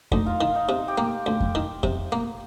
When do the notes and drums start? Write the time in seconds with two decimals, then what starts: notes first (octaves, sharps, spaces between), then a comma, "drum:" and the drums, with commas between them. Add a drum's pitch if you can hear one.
0.11 D2 D#4 D#5, drum: kick F2
0.26 F4 F5
0.40 D#3 F4 F5
0.55 D#4 D#5
0.69 C3
0.88 G4 G5
0.98 A#3
1.26 D2
1.40 drum: kick F2
1.55 D#3
1.83 C3, drum: kick F2
2.12 A#3